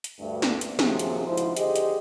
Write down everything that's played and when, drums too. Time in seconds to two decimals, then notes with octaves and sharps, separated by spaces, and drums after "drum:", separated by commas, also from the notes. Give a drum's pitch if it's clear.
0.04 drum: hi-hat
0.20 D2 G2 A3
0.42 drum: snare
0.61 drum: hi-hat
0.79 F#2 C3 D#3 F3 G#4, drum: snare
0.99 drum: hi-hat
1.27 D2 G#2 C#3 F3 E4 C5
1.37 drum: hi-hat
1.57 D3 G4 G#4 C5 D#5, drum: hi-hat
1.76 drum: hi-hat